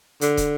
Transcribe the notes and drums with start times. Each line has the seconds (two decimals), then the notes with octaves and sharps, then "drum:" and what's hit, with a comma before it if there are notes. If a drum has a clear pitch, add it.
0.21 D3, drum: hi-hat
0.37 drum: kick, hi-hat